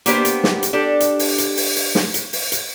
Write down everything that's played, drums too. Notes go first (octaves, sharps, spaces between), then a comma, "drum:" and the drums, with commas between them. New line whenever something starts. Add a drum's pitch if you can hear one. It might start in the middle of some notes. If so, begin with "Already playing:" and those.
A#3 B3 D4 G4 B4 C5, drum: hi-hat
drum: hi-hat
drum: snare
drum: hi-hat
D4 G4 A4
drum: hi-hat
drum: open hi-hat
drum: hi-hat
drum: open hi-hat
drum: open hi-hat
drum: snare
drum: hi-hat
drum: open hi-hat
drum: hi-hat